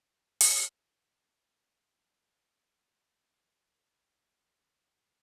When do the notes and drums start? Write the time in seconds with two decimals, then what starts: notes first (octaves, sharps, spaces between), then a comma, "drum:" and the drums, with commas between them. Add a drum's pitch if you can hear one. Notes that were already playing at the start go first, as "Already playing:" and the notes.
Already playing: B2 E3
0.41 drum: open hi-hat
0.72 A2
0.87 B2
1.02 D3 G3
1.60 E3 A3
1.74 B2 E3
1.88 B2
2.17 A2
2.75 B2
2.97 A2
3.06 B2
3.20 A2
3.92 B2
4.02 A2
4.12 B2
4.21 A2